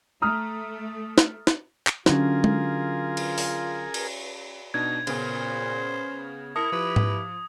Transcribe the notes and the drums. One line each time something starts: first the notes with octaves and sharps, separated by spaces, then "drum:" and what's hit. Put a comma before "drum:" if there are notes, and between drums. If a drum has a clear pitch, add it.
A3 A#5 D#6 F6
drum: snare
drum: snare
drum: clap
D3 F#3 C#4 F4 G#4 A#4, drum: snare
drum: tom G#3
drum: cymbal
drum: open hi-hat
drum: cymbal
B2 D4 D#4 G#6
A#2 C#3 B3 C#4 C5, drum: cymbal
E4 A#4 A5 D#6 A#6 C#7
F3 E4 G4 B4
drum: tom G#2